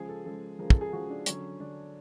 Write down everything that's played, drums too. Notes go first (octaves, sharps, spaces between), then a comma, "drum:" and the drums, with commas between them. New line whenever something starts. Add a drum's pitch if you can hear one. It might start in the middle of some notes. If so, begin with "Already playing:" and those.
Already playing: C#3 F3 G#3 G#4
A4
C#3 F3 G#3 A4
C#3 F3 G#3 A#4
A4, drum: kick
G#4
C#3 F3 G#3 F#4
D4
D3 F#3 C#4, drum: hi-hat
D3 F#3 D4